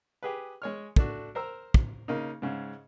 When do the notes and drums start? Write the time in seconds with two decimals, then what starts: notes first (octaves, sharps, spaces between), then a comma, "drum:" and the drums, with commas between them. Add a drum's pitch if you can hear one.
0.23 G4 G#4 B4
0.62 G#3 C#5 F6
0.96 A3 D4 F#4, drum: kick
1.35 A#4 C5 A#5 E6
1.74 drum: kick
2.08 C#3 A#3 D#4
2.42 G#2 C#3